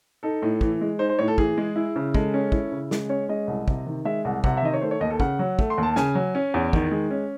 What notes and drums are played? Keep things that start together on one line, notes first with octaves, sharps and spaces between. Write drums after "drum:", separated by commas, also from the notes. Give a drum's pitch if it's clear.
D#4 A4
A2
E3, drum: kick
G#3
D#4 C5
C5
A2 C#5
A4
E3 G#4, drum: kick
G#3
E4
C#3
G#3 A4, drum: kick
C#4
E4, drum: kick
C#3
G#3, drum: snare
C#4 C#5
G#3 D#5
C2
C3, drum: kick
D#3
G#3 E5
C2 F#5
C3 F#5, drum: kick
E5
D#3 D#5
C#5
A3 C5
C#5
D#2 D#5
A4
C#3 F#5, drum: kick
F#3
A3, drum: kick
C6
D#2
A5
C#3 G#5, drum: snare
F#3
C#4
E2
D#3, drum: kick
G#3
C#4